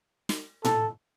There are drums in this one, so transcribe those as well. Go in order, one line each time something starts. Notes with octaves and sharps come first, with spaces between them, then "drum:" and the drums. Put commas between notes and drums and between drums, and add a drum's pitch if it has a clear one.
drum: snare
A4, drum: tom A2